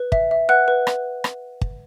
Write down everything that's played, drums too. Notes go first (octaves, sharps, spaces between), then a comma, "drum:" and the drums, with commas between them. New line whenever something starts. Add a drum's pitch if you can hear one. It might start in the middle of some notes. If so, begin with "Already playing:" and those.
Already playing: B4
E5, drum: kick
E5
B4 F#5 F#6
B4
drum: rim click
drum: rim click
drum: kick